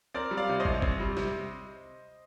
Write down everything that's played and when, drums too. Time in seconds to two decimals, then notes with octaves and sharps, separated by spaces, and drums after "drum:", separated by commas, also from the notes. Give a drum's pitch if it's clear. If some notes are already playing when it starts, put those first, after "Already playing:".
0.14 C4 A#4 D5
0.31 G3
0.37 D5 F5
0.49 C3
0.60 C5 D#5
0.65 C2, drum: kick
0.82 C4, drum: kick
1.00 G3
1.17 C3, drum: snare